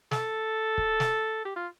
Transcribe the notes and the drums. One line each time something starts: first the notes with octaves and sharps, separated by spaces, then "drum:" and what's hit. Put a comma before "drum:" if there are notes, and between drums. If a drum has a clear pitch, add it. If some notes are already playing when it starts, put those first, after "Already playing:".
A4, drum: snare
drum: kick
drum: snare
G4
F4